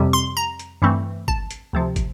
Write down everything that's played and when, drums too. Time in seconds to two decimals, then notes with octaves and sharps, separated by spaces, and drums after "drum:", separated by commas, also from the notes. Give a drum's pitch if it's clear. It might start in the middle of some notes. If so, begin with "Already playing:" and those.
Already playing: F2 C3 G3
0.13 C6
0.37 A#5
0.59 drum: hi-hat
0.82 G2 E3 A3 C4
1.28 A5, drum: kick
1.51 drum: hi-hat
1.73 D2 C3 F3
1.96 drum: kick, hi-hat